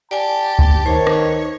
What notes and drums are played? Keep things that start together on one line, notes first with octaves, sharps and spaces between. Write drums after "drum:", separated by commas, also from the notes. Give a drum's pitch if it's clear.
G4 D5 G#5 A5
drum: kick D2
D#3 C5 C#5
drum: rim click